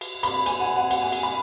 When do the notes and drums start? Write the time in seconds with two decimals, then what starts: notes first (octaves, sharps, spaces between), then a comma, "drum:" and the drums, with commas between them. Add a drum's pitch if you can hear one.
0.01 drum: cymbal
0.23 B5, drum: cymbal
0.46 G#5, drum: cymbal
0.60 F#5
0.76 F#5
0.90 F#5, drum: cymbal
1.02 G#5
1.12 drum: cymbal
1.23 B5